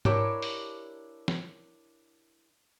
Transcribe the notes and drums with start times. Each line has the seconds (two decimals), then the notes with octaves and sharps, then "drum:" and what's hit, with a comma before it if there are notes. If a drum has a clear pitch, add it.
0.05 D4 E4 G4 A#4 C#5, drum: tom G#2
0.42 drum: open hi-hat
1.28 drum: snare